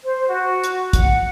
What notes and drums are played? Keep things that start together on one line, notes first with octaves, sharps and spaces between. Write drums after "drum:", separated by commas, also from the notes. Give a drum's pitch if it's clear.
C5
F#4
drum: hi-hat
F#5, drum: kick, hi-hat